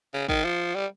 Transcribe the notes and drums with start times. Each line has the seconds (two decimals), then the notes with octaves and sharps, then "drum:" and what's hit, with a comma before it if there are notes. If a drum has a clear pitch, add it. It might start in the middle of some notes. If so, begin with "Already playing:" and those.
0.14 C#3
0.28 D#3, drum: kick
0.44 F3
0.75 G3